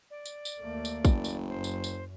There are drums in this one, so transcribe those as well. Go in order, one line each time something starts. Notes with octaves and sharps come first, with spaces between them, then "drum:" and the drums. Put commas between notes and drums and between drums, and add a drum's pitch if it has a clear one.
D5
drum: tambourine
drum: tambourine
D#2 A3 A#3
drum: tambourine
F#1, drum: kick, tambourine
drum: tambourine
F#2 C5
drum: tambourine
drum: tambourine